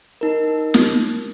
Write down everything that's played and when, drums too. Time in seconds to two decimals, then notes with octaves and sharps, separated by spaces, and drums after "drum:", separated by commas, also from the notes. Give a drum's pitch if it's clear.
0.21 D#4 A#4
0.74 drum: snare